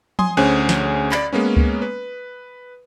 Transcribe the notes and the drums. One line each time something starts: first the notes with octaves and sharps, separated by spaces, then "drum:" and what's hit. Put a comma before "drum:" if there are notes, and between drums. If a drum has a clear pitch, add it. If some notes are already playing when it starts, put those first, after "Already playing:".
G#5 C6 D#6, drum: tom F3
D2 C#4 G#4 C5 G#5 F#6
drum: snare
D5 B5, drum: clap
G#3 A#3 B3 C#4
drum: kick C#2
B4